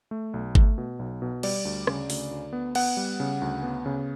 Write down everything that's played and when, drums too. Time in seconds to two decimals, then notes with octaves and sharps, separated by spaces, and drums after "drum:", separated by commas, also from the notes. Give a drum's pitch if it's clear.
0.11 A3
0.34 B1
0.55 A3, drum: kick G#1
0.78 B2
0.99 B1
1.22 B2
1.43 G3 D5, drum: cymbal
1.65 D2
1.87 C#3, drum: rim click
2.10 D2, drum: open hi-hat
2.31 D2
2.53 B3
2.75 B3 F#5, drum: cymbal
2.97 G3
3.20 C#3
3.42 D2
3.63 B3
3.86 C#3